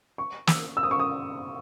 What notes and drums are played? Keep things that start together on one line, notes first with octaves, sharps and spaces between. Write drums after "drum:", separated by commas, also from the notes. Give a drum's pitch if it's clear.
C#6
E6, drum: snare
E6
D#6
C#6
D#6